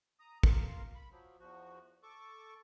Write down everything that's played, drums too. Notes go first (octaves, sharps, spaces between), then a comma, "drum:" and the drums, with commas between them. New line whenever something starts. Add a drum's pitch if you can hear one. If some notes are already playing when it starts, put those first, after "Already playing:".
A#5 D#6
A#3 F4 A#4 F5, drum: kick
B5
F3 F#3
E2 F3 F#4
A4 C#6 D6